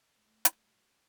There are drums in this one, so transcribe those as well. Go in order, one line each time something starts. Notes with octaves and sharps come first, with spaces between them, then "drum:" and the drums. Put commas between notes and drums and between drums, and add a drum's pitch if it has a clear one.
A3
G3, drum: hi-hat
F#3